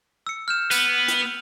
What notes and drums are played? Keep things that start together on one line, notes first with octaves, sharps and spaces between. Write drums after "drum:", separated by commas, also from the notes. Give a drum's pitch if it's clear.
E6 C#7
F6 G6 E7
B3, drum: tambourine
drum: hi-hat
F7